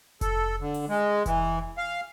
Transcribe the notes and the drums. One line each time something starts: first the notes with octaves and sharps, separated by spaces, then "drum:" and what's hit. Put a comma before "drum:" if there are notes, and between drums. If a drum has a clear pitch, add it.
A4, drum: kick F1, hi-hat
D3
drum: open hi-hat
G#3
E3, drum: kick F1, hi-hat
F5